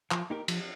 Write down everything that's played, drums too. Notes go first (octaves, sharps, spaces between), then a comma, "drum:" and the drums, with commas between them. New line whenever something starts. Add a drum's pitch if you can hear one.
F3, drum: clap
A#3 D#4 G4 A#4
F3, drum: cymbal